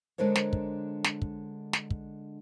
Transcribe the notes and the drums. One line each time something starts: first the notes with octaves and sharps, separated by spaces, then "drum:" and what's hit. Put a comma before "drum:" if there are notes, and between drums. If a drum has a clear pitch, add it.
D3 G#3 D4 A#4 C5 C#5
drum: snare
drum: kick
drum: snare
drum: kick
drum: snare
drum: kick